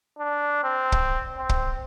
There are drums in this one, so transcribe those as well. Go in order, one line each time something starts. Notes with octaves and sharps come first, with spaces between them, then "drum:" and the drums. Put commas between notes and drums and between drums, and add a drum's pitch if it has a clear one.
D4
C4
drum: kick
C4
drum: kick